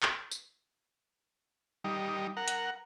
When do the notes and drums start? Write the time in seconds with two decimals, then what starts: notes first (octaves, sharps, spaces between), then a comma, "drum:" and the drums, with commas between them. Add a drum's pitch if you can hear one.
0.03 drum: clap
0.31 drum: tambourine
1.84 G3 D#4
2.37 A#4 F#5
2.48 drum: hi-hat